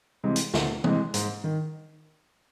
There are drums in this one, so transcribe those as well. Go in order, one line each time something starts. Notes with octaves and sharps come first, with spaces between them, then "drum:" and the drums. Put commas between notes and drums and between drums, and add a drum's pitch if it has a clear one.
C3 E3 G#3
drum: hi-hat
D2, drum: snare
C3 E3 G#3, drum: tom
G#2, drum: hi-hat
D#3